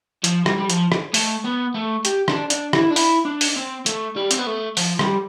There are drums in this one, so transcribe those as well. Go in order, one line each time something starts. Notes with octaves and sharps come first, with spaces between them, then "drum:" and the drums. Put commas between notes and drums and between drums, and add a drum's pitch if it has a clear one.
F3, drum: hi-hat
G3, drum: rim click
G3
F3, drum: hi-hat
drum: rim click
A3, drum: open hi-hat
B3
A3
G4, drum: hi-hat
D4, drum: rim click
D4, drum: hi-hat
E4, drum: rim click
D4
E4, drum: open hi-hat
D4
drum: open hi-hat
C4
A3, drum: hi-hat
G3
C4, drum: hi-hat
B3
A3
F3, drum: open hi-hat
G3, drum: rim click